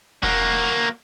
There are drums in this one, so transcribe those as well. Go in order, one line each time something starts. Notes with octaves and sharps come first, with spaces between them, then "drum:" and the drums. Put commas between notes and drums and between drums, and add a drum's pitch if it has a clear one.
A#3 F#4, drum: kick E1